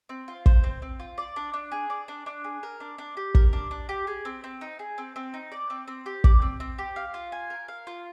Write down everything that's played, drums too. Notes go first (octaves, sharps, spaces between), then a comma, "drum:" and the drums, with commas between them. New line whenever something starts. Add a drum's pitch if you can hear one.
C4
F4
C5, drum: kick
C4
C4
F4
D5
D4
D4
G#4
D5
D4
D4
G#4
A#4
D4
D4
G4
A#4, drum: kick
D4
D4
G4
G#4
C4
C4
D#4
G#4
C4
C4
D#4
D5
C4
C4
G4
D5, drum: kick
C4
C4
G4
F5
F4
G#5
A#4
F5
F4